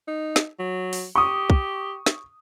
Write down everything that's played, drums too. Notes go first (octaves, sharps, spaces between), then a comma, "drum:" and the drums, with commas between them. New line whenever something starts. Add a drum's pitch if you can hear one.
D#4
drum: snare
F#3
drum: open hi-hat
G4 C#6 D#6
drum: kick
drum: snare